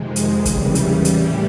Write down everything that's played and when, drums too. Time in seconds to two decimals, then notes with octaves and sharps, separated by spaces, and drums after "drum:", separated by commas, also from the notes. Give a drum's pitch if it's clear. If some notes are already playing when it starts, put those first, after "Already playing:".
Already playing: F2 C3 D#3 G#3
0.16 drum: hi-hat
0.45 D#2 C#3 E3 G3, drum: kick, hi-hat
0.75 drum: hi-hat
1.05 A2 E3, drum: hi-hat